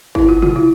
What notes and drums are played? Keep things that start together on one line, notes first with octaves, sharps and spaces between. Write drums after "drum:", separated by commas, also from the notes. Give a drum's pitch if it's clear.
E4, drum: kick G1
F4
F4, drum: tom
E4